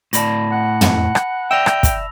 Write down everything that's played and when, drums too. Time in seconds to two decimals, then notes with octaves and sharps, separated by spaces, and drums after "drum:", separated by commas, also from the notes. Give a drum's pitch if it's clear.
0.13 A2 D5 A5 B5 A#6, drum: hi-hat
0.52 F#5
0.81 drum: tom
1.15 drum: rim click
1.51 D5 E5 G5 E6 A#6 F7
1.66 drum: rim click
1.83 drum: kick, hi-hat